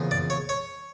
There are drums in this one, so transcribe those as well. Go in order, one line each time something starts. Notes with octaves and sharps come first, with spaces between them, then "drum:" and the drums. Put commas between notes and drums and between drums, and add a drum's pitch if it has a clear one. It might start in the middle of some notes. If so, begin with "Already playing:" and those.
Already playing: E2 C#3 F3 A#3
D5, drum: tom F2
C#5
C#5